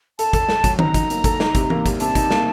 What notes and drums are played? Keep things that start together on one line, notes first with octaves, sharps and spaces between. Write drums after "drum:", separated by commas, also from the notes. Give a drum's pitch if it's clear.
A4 A5, drum: hi-hat
A4, drum: kick, hi-hat
A4, drum: snare
F#3, drum: kick, hi-hat
D#4 A#5, drum: tom D#3
D#4, drum: kick, hi-hat
A#3, drum: hi-hat
A4, drum: kick, hi-hat
D#4, drum: snare
C3, drum: kick, hi-hat
A#3, drum: tom E3
G3, drum: kick, hi-hat
C3 A5, drum: hi-hat
D#4, drum: kick, hi-hat
A#3, drum: snare